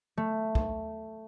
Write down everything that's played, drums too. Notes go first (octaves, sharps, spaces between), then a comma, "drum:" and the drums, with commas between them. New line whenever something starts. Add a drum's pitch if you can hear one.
A3
drum: kick